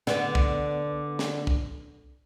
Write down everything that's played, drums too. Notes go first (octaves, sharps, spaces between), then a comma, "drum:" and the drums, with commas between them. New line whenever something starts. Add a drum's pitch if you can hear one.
D3 B3, drum: snare
drum: kick
drum: snare
drum: kick